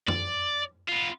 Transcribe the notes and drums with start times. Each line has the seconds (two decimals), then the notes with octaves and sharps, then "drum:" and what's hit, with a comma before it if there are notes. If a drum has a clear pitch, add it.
0.08 D5, drum: tom F#2
0.89 B3 F4